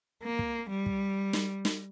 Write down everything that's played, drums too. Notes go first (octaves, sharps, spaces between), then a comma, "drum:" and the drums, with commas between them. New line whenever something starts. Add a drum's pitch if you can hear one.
A#3
drum: kick
G3
drum: kick
drum: snare
drum: snare